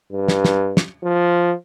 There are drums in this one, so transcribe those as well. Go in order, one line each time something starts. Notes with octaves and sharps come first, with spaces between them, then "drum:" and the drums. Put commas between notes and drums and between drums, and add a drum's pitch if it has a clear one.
G2
drum: snare
drum: snare
drum: snare
F3